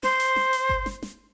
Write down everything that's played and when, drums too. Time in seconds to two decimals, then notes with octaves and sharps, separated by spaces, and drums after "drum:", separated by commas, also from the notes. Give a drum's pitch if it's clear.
0.03 C5, drum: snare
0.20 drum: hi-hat
0.36 drum: snare
0.53 drum: hi-hat
0.69 drum: kick G1
0.86 drum: snare
1.03 drum: snare